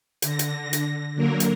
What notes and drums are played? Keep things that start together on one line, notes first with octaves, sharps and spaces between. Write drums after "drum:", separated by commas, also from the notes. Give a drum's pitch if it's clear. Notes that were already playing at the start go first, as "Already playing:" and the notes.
D3 A#6, drum: hi-hat
drum: hi-hat
drum: hi-hat
D3 F#3 A#3 A#4
drum: hi-hat